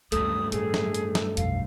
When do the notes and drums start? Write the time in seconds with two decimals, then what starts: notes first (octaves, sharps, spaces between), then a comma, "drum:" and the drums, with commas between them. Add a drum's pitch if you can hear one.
0.12 D2 G2 C#3 F#3 A3 A4 D#6, drum: hi-hat
0.52 A2 G#4, drum: hi-hat
0.74 drum: snare
0.94 drum: hi-hat
1.15 drum: snare
1.37 B1 F2 F5, drum: hi-hat